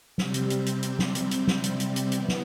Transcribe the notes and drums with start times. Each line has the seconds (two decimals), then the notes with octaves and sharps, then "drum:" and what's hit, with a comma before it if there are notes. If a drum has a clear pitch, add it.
0.18 C3 G3 C4, drum: snare
0.34 drum: hi-hat
0.50 drum: hi-hat
0.66 drum: hi-hat
0.83 drum: hi-hat
0.99 drum: snare
1.15 drum: hi-hat
1.31 drum: hi-hat
1.47 drum: snare
1.64 drum: hi-hat
1.80 drum: hi-hat
1.96 drum: hi-hat
2.12 E3 B3, drum: hi-hat
2.28 drum: snare